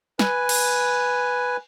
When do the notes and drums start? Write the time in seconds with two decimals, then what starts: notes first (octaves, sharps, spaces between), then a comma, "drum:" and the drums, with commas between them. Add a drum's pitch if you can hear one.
0.19 B4 G#5, drum: snare
0.49 drum: cymbal